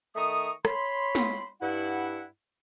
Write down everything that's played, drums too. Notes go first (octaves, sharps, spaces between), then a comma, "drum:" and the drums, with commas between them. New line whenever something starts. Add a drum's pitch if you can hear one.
D#3 A3 A#5 C#6 D#6
C#5 B5 C6, drum: rim click
drum: snare
G2 E4 F#5